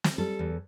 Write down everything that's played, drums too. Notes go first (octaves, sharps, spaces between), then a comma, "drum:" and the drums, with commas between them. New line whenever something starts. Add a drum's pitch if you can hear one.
drum: snare
G3 A4
E2